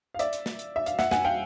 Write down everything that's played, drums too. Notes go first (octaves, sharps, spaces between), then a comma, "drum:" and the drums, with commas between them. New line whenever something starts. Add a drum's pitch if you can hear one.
F5
D5 E5, drum: hi-hat
drum: hi-hat
drum: snare
drum: hi-hat
E5
F5, drum: hi-hat
E5 F#5, drum: snare
F#5 G#5, drum: snare
F5 G5